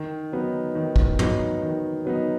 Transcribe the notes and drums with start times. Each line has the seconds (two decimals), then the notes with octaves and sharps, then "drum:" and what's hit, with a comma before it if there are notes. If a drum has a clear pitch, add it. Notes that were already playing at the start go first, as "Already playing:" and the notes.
Already playing: D#3
0.32 F#3 B3 D#4
0.75 D#3
0.96 drum: kick
1.19 F#3 B3 D#4, drum: tom
1.62 D#3
2.05 F#3 B3 D#4